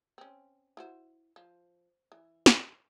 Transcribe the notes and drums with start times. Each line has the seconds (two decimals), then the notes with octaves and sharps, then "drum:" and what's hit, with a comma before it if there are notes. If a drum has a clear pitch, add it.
0.18 C4 C#4
0.77 E4 F#4 C5
1.36 F3
2.12 E3
2.46 drum: snare